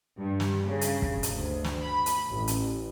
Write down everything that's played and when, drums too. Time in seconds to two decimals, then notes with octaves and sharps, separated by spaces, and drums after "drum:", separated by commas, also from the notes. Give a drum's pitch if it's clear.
0.19 G2
0.40 drum: snare
0.66 C#3
0.81 drum: hi-hat
1.02 drum: kick
1.23 drum: hi-hat
1.32 D2
1.64 drum: snare
1.82 B5
2.06 drum: hi-hat
2.31 A1
2.48 drum: hi-hat